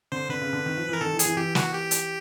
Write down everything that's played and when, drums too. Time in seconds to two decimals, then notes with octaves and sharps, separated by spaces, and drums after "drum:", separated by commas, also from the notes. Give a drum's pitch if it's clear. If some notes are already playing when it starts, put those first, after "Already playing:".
0.12 D3 C5
0.29 D3 B4
0.42 C#3
0.53 D3
0.66 D#3
0.77 F3
0.89 E3 A#4
1.01 D#3 A4
1.13 E3
1.19 G#4, drum: hi-hat
1.25 E3
1.37 E3 G4
1.55 F#4, drum: snare
1.73 G4
1.91 drum: hi-hat